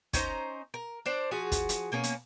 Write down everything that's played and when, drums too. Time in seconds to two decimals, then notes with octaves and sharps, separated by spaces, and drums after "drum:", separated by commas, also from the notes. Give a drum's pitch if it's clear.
0.13 C#4 D#4 C5 A#5, drum: kick, hi-hat
0.74 A#4
1.06 D4 C5 D5
1.31 F3 F#4 G#4
1.52 drum: kick, hi-hat
1.69 drum: hi-hat
1.92 B2 A#3 C#4
2.03 drum: hi-hat